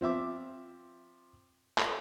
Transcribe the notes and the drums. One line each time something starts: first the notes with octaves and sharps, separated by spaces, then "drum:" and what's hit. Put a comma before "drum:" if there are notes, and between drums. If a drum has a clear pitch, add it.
F3 C4 E5 D6
drum: clap